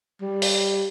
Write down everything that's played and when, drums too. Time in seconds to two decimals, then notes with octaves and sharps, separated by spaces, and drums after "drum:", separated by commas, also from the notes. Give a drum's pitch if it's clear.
0.21 G3
0.42 drum: open hi-hat